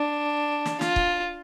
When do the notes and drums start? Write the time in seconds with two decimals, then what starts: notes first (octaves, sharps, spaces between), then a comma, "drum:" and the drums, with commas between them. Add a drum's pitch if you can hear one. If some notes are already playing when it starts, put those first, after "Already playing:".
Already playing: D4
0.66 drum: snare
0.81 F4, drum: snare
0.96 drum: kick